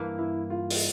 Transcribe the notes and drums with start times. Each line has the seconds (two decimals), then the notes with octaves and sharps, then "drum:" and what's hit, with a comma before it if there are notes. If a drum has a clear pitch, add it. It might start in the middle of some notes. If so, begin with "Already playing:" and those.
Already playing: G2 E3 A#3
0.18 E4
0.50 F4
0.70 drum: open hi-hat